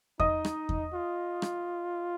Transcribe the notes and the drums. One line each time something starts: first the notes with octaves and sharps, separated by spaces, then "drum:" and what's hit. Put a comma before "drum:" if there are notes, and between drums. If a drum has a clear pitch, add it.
D#4 D#5 D#6, drum: kick E2
drum: rim click
drum: kick E2
F4
drum: rim click